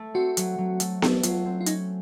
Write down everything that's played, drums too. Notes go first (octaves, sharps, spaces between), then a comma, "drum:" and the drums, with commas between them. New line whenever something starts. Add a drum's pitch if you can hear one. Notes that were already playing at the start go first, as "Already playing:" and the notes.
Already playing: A3
C4 F#4
F#3, drum: hi-hat
F#3
A3, drum: hi-hat
A3, drum: snare B3
F#3 F4, drum: hi-hat
C4
F4
C#4 D#4, drum: hi-hat